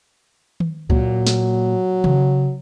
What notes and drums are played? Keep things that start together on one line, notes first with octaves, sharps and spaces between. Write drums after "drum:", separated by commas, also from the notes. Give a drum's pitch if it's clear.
drum: tom D#3
A#2 F#3, drum: kick C#2
drum: snare
C#3, drum: tom D#3